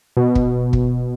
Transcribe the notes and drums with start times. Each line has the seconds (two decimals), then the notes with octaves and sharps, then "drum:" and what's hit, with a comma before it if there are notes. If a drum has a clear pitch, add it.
0.17 B2
0.35 drum: kick
0.73 drum: kick